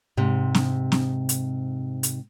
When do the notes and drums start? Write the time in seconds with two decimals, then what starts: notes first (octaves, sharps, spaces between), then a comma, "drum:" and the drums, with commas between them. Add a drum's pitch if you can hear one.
0.17 G#2 C3
0.55 drum: snare C4
0.92 drum: snare C4
1.29 drum: hi-hat
2.03 drum: hi-hat